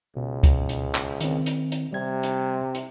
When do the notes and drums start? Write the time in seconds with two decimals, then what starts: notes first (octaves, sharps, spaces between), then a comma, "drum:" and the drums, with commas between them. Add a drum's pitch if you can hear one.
0.16 C#2 B2
0.43 drum: kick C#2, hi-hat
0.69 drum: hi-hat
0.95 drum: clap
1.21 D#3 C4, drum: hi-hat
1.46 drum: hi-hat
1.72 drum: hi-hat
1.93 C3 G3 G#6
2.23 drum: hi-hat
2.75 drum: hi-hat